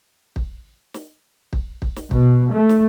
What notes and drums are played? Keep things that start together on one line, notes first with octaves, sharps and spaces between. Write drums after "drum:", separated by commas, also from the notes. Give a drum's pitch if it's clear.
drum: kick
drum: snare
drum: kick
drum: kick
drum: snare
B2, drum: kick
A3
drum: snare